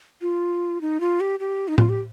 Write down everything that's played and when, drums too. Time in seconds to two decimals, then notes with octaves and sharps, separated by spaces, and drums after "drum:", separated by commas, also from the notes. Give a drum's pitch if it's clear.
0.21 F4
0.81 D#4
1.00 F4
1.20 G4
1.40 G4
1.68 D#4
1.78 F4, drum: tom A2
1.89 G4